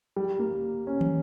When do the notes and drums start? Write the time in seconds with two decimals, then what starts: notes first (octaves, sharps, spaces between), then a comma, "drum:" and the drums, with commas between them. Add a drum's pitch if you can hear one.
0.16 G3
0.39 A#3
0.87 C#4
1.01 drum: tom